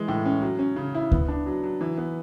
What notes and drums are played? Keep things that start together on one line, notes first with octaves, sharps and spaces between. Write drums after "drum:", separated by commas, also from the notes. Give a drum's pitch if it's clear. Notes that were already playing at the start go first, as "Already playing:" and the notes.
Already playing: E3 G#3
A2
C#4
F#3
C#4
C#3
E4
B3, drum: kick D2
D4
F#3
F#3
E3
B3